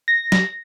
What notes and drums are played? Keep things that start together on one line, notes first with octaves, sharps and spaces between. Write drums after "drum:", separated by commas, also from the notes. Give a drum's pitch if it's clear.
A#6
drum: snare